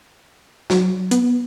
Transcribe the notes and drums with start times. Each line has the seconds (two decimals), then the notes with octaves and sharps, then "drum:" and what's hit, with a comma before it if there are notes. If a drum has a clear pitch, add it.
0.70 F#3, drum: snare
1.11 B3, drum: hi-hat